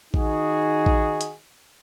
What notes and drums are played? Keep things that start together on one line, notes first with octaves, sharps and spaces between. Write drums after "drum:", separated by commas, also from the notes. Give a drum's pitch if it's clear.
D#3 D#4 F#4 G#4, drum: kick A1
drum: kick A1
drum: hi-hat